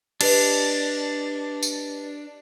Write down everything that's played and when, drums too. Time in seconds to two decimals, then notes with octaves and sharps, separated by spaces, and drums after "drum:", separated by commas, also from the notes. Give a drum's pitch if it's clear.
0.21 D4 G4 B4 D#5, drum: cymbal
1.63 drum: tambourine